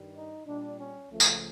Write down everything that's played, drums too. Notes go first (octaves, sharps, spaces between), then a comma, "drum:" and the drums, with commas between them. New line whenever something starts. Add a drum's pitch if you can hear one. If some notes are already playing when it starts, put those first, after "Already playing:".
Already playing: G2 D#3 G3
D#4
A#2 G3 D4
C#4
C#2 C#3 F3 A3
drum: tambourine